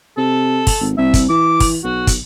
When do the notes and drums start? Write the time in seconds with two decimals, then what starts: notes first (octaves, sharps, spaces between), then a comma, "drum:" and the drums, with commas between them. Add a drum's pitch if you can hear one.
0.17 C3 A4
0.67 drum: kick, open hi-hat
0.81 G#1
0.98 C2 E5
1.14 drum: kick, hi-hat
1.29 E3 D6
1.60 drum: kick, open hi-hat
1.84 B1 F#4
2.07 drum: kick, hi-hat